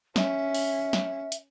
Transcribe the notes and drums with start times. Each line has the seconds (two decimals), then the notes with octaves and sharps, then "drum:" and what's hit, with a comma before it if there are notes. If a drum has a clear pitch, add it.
0.16 C#4 E5, drum: snare
0.54 drum: open hi-hat
0.93 drum: snare
1.32 drum: hi-hat